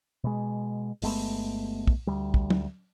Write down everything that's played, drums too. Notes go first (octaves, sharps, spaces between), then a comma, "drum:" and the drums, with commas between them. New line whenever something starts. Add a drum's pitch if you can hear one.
B2 G#3
G1 G#3 A3 B3, drum: open hi-hat
drum: kick
D2 G3
drum: kick
drum: tom